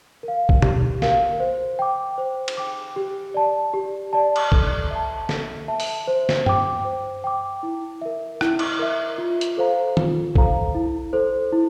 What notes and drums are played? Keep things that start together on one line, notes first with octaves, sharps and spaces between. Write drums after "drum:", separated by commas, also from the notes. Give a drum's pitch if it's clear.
A#4 F5
drum: kick
G4, drum: tom B2
A#4 F5, drum: snare
C5
G5 D6
C5
drum: cymbal
G5 D6
G4
D5 A5
G4
D5 A5
drum: cymbal
A4, drum: kick
E5 A5
A4, drum: snare
E5 A5
drum: open hi-hat
C5
drum: snare
G5 D6, drum: tom G2
C5
G5 D6
E4
A#4 E5
E4, drum: rim click
drum: cymbal
A#4 E5
F4
drum: hi-hat
A4 C5 F5 A#5
F4, drum: tom D#3
A4 C5 F5 A#5, drum: kick
E4
A4 C5
E4